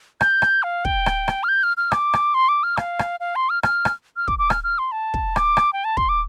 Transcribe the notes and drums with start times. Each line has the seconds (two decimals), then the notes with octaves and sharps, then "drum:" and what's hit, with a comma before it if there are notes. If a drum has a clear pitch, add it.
0.21 G6, drum: rim click
0.42 drum: rim click
0.63 F5
0.85 G5, drum: kick
1.06 drum: rim click
1.28 drum: rim click
1.44 F6
1.49 G6
1.63 F6
1.77 F6
1.92 D6, drum: rim click
2.13 drum: rim click
2.34 C6
2.49 D6
2.63 F6
2.77 F5, drum: rim click
2.99 drum: rim click
3.20 F5
3.36 C6
3.50 F6
3.63 F6, drum: rim click
3.85 drum: rim click
4.17 F6
4.28 D6, drum: kick
4.39 D6
4.50 F6, drum: rim click
4.64 F6
4.79 C6
4.92 A5
5.14 drum: kick
5.36 D6, drum: rim click
5.57 drum: rim click
5.73 G5
5.84 A5
5.97 C6, drum: kick
6.09 D6